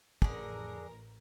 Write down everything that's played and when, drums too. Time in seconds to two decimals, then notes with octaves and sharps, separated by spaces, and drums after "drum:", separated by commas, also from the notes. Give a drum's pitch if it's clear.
0.22 A1 F2 D3 G#4 A#4, drum: kick